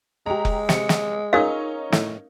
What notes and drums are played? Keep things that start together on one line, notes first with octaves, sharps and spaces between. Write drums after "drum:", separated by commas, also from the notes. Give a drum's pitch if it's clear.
G#3 G4 A#5
drum: kick F1
C3 C#7, drum: snare
drum: snare
C#4 D#4 F4 G#4 A#4 F5
A2, drum: snare